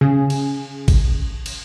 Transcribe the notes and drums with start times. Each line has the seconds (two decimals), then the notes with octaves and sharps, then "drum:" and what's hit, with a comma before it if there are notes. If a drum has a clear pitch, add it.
0.01 C#3 G#4
0.30 drum: cymbal
0.88 drum: kick G#1, cymbal
1.46 drum: cymbal